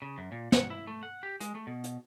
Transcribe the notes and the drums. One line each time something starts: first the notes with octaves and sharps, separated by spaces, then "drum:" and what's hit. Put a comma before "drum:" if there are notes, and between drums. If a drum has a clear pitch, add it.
C#3
F#2
A#2
F#5, drum: snare
E4
A3
F#5
G4
G#3, drum: hi-hat
A3
B2
drum: hi-hat